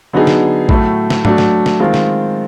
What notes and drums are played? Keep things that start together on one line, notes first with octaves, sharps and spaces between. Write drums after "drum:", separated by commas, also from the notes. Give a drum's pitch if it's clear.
D3 F#3 B3 D#4 G#4
drum: snare
A2 F#3 A3, drum: kick A1
drum: snare
F#3 A3 D4, drum: tom G#2
drum: snare
drum: snare
D#3 G#3 C4 F4
drum: snare